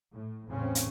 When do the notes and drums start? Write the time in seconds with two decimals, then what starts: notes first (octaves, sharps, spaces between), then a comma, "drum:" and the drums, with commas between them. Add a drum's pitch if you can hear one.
0.15 A2
0.50 E2 A2 C#3 C4 C#4
0.75 drum: hi-hat